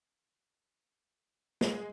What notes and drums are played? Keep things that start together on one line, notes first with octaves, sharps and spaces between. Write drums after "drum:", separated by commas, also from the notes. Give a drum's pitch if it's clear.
G#3, drum: snare